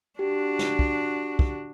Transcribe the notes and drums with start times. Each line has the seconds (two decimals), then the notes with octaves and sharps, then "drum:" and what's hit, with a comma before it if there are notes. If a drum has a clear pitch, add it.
0.19 D4 F#4 G4
0.59 drum: snare
0.79 drum: kick
1.39 drum: kick